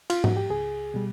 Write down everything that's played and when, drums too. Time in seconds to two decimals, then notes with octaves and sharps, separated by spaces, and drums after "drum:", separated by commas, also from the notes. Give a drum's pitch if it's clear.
0.10 F4, drum: cymbal
0.24 F#4, drum: tom G#2
0.37 G4
0.50 C#2 G#4
0.94 B2 G3